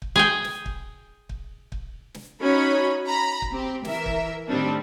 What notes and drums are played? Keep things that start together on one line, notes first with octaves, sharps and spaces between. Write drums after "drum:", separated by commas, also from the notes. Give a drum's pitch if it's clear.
drum: kick
G#4 G5
drum: snare
drum: kick
drum: kick
drum: kick
drum: snare
C#4 D#4 F#4 C#5 B5
A#5 B5
drum: kick
C4 G4
E3 A#4 E5, drum: snare
drum: kick
A2 D#3 G3 C4 D4